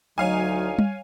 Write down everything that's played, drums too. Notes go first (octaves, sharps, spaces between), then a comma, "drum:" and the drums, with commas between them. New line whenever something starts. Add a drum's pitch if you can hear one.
D2 F#3 D#4 C#5 F5 G#5
drum: tom G3